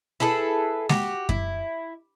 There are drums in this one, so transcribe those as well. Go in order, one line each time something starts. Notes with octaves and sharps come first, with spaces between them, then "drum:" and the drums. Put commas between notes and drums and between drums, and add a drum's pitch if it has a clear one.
E4 G#4 A4 B4
F#4 G4, drum: snare G#3
E4, drum: kick F#2